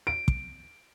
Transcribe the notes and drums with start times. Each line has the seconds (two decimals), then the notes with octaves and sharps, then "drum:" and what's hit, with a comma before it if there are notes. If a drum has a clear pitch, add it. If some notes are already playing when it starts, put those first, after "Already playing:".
0.07 D7
0.28 drum: kick